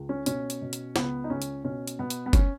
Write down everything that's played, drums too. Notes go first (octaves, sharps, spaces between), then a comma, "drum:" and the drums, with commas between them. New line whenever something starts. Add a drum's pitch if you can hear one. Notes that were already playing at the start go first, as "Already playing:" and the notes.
Already playing: C#2
C#4
B2 C#4, drum: hi-hat
drum: hi-hat
B2
drum: hi-hat
C#2 B3, drum: snare
D#4
C#2 C#4
drum: hi-hat
B2 C#4
drum: hi-hat
B2 B3
drum: hi-hat
B3
C#4, drum: kick F#1, hi-hat